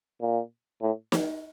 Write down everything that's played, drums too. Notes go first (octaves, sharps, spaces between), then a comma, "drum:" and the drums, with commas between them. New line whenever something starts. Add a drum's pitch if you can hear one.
A#2
A2
drum: snare